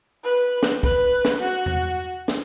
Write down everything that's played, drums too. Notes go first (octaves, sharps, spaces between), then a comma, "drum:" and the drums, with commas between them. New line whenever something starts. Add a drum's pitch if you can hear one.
B4
drum: snare
B4, drum: kick
drum: snare
F#4
drum: tom E2
drum: snare